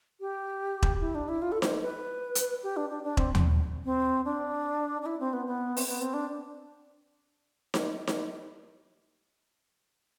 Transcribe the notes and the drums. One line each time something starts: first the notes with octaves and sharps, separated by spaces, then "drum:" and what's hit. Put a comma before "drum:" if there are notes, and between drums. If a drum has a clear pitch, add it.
G4
drum: kick E1
E4
D4
E4
F4
A4
C5, drum: snare D#4
B4
drum: hi-hat
G4
D4
D4
D4
C4, drum: kick E1
drum: tom D#2
C4
D4
D4
E4
C4
B3
B3
C4, drum: open hi-hat
B3
C4
D4
drum: snare D#4
drum: snare D#4